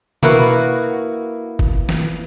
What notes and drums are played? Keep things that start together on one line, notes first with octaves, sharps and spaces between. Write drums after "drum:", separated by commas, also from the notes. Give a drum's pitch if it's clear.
A#3 B3 E4 F#4, drum: tom B2
drum: kick
drum: snare